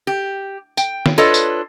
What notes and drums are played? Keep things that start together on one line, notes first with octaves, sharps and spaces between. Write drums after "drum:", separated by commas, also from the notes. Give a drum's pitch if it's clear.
G4
G5, drum: tambourine
drum: snare D#3
D4 F4 A4 B4 C#5 D#5
drum: tambourine